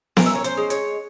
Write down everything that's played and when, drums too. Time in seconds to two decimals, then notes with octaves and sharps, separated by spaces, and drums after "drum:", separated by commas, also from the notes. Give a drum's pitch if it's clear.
0.17 C#4 A#4, drum: snare B3
0.26 E5
0.35 C#5
0.44 C5, drum: hi-hat
0.57 G#3
0.70 C#5, drum: hi-hat